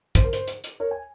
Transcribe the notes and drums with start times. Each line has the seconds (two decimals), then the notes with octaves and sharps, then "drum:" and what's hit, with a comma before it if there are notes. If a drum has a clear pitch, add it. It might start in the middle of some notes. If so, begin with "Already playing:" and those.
0.15 C5, drum: kick, hi-hat
0.24 A#4
0.33 C5, drum: hi-hat
0.48 drum: hi-hat
0.64 drum: hi-hat
0.80 A#4 C#5
0.91 G#5